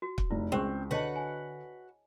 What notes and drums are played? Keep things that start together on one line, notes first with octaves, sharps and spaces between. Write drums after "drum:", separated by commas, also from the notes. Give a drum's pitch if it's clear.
F#4
drum: kick
F1 E4
C#2 C4 G#4 C5 C#6
D3 F#4 B4 C#5 D#5 F#5 A5
G#5